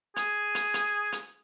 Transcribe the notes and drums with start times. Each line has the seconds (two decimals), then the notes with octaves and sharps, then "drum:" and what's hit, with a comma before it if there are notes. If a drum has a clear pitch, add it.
0.16 G#4, drum: hi-hat
0.55 drum: hi-hat
0.74 drum: hi-hat
1.12 drum: hi-hat